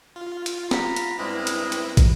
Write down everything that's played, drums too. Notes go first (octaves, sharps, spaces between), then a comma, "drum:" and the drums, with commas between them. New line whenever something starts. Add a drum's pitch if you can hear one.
F4
drum: hi-hat
F#5 A#5 B5, drum: snare
drum: hi-hat
G2 G#3 A#3 C4 E4 B4
drum: hi-hat
drum: hi-hat
drum: kick, hi-hat